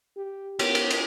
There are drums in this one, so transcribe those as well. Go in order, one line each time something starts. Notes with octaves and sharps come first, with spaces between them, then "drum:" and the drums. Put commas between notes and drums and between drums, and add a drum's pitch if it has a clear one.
G4
B3 G4, drum: cymbal
drum: cymbal
drum: cymbal